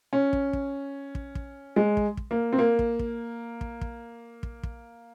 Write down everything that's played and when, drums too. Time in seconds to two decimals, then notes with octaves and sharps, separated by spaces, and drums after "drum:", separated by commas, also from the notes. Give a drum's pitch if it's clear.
0.13 C#4
0.33 drum: kick
0.53 drum: kick
1.15 drum: kick
1.35 drum: kick
1.76 G#3
1.97 drum: kick
2.17 drum: kick
2.31 A#3
2.53 C4
2.59 A#3
2.79 drum: kick
2.99 drum: kick
3.61 drum: kick
3.81 drum: kick
4.43 drum: kick
4.63 drum: kick